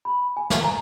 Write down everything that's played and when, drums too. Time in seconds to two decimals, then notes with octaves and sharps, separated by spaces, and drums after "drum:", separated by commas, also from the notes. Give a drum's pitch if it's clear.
0.05 B5
0.37 G#5
0.50 drum: snare
0.64 A#5